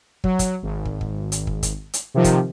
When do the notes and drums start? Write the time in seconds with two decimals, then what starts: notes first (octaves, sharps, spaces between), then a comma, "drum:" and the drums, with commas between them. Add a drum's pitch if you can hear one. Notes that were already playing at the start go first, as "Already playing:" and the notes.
0.24 F#3, drum: kick
0.39 drum: kick, hi-hat
0.63 G#1
0.85 drum: kick
1.01 drum: kick
1.32 drum: hi-hat
1.47 drum: kick
1.63 drum: kick, hi-hat
1.93 drum: hi-hat
2.14 C3 D#3 F3
2.24 drum: kick, hi-hat